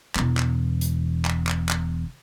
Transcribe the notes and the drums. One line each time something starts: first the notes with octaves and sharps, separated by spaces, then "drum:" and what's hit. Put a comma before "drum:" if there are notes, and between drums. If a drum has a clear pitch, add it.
E1 E2, drum: clap
drum: clap
drum: hi-hat
drum: clap
drum: clap
drum: clap